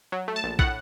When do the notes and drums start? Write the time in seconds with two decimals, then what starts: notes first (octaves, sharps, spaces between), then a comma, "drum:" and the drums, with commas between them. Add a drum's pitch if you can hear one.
0.12 F#3
0.28 A3
0.36 A5
0.44 A#1
0.59 A2 F#5, drum: kick